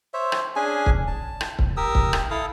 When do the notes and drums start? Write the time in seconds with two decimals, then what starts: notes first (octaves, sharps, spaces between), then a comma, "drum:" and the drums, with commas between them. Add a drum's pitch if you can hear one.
0.14 C5 C#5 E5
0.32 drum: rim click
0.56 C#4 D4 G#4 G#5
0.86 drum: kick C#1
1.08 A5
1.41 drum: rim click
1.59 drum: kick C#1
1.77 G4 A#4 D#6 E6
1.95 drum: kick C#1
2.13 drum: rim click
2.31 E4 A4 F5 D#6